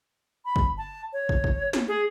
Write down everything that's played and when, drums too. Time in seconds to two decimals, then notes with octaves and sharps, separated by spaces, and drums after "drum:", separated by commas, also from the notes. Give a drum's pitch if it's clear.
0.45 B5
0.56 drum: kick
0.78 A5
1.13 C#5
1.29 drum: kick
1.44 drum: kick
1.73 drum: snare
1.88 G#4